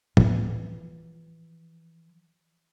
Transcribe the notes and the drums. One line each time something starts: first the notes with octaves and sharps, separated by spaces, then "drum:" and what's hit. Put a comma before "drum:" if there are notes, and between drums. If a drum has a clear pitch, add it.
E3 F3, drum: tom A2